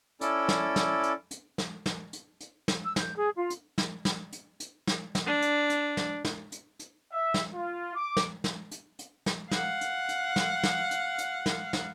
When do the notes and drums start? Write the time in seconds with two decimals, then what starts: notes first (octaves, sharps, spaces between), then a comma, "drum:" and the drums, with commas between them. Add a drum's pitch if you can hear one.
0.21 C#4 E4 A4 D5, drum: hi-hat
0.49 drum: snare
0.76 drum: snare
1.03 drum: hi-hat
1.31 drum: hi-hat
1.58 drum: snare
1.86 drum: snare
2.13 drum: hi-hat
2.41 drum: hi-hat
2.68 drum: snare
2.83 E6
2.96 G6, drum: snare
3.16 G#4
3.37 F4
3.50 drum: hi-hat
3.78 drum: snare
4.05 drum: snare
4.33 drum: hi-hat
4.60 drum: hi-hat
4.87 drum: snare
5.15 drum: snare
5.27 D4
5.42 drum: hi-hat
5.70 drum: hi-hat
5.97 drum: snare
6.25 drum: snare
6.52 drum: hi-hat
6.79 drum: hi-hat
7.11 E5
7.34 drum: snare
7.54 F4
7.95 D6
8.17 drum: snare
8.44 drum: snare
8.71 drum: hi-hat
8.99 drum: hi-hat
9.26 drum: snare
9.51 F5 F#5, drum: snare
9.81 drum: hi-hat
10.09 drum: hi-hat
10.36 drum: snare
10.63 drum: snare
10.91 drum: hi-hat
11.18 drum: hi-hat
11.46 drum: snare
11.73 drum: snare